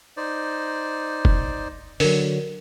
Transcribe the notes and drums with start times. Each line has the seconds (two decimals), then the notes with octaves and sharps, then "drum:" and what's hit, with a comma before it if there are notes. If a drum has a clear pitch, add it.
0.17 D#4 C5 D5
1.25 drum: kick F#1
2.00 D3 F#3 A#4, drum: open hi-hat